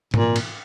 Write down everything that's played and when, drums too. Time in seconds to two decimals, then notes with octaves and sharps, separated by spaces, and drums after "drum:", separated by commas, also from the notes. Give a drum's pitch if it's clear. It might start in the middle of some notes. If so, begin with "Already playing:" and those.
0.14 A#2, drum: tom G#2
0.36 drum: cymbal